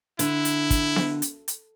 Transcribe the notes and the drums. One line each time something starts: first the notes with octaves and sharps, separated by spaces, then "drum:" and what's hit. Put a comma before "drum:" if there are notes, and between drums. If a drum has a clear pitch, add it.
D3 E4, drum: hi-hat
drum: hi-hat
drum: kick, hi-hat
drum: snare B3
drum: hi-hat
drum: hi-hat